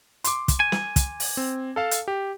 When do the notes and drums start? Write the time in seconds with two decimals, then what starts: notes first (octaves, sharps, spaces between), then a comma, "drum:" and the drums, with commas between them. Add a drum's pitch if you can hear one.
0.24 C6 D6, drum: hi-hat
0.48 drum: kick, hi-hat
0.60 G#5
0.72 drum: snare
0.96 drum: kick, hi-hat
1.20 drum: open hi-hat
1.37 C4
1.76 A4 F5 A5
1.91 drum: hi-hat
2.08 G4